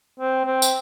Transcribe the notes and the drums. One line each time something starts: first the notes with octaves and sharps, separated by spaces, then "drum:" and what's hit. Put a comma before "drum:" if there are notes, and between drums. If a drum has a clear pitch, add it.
C4
C4
drum: tambourine